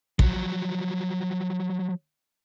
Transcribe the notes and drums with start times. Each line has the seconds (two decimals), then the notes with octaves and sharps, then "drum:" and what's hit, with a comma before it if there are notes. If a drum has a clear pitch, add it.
0.19 F3 F#3, drum: kick